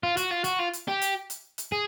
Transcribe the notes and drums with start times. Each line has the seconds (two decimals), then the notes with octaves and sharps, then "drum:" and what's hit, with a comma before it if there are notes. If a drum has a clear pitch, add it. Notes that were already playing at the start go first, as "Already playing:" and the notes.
0.03 F4
0.17 F#4, drum: hi-hat
0.31 F4
0.44 F#4, drum: hi-hat
0.59 F4
0.73 drum: hi-hat
0.88 G4
1.02 drum: hi-hat
1.30 drum: hi-hat
1.58 drum: hi-hat
1.72 G#4